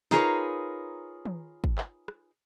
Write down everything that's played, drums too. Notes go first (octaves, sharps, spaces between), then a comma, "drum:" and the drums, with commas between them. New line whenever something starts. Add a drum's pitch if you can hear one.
D#4 F4 G#4 A#4 B4 C#5, drum: snare
drum: tom
drum: kick
drum: clap
drum: rim click